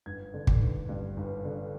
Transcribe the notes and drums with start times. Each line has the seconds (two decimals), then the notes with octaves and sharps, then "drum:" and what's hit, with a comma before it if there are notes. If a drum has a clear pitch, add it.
0.06 G1 G#6
0.34 D3
0.47 drum: kick
0.61 G1
0.89 G2
1.17 G1
1.45 D3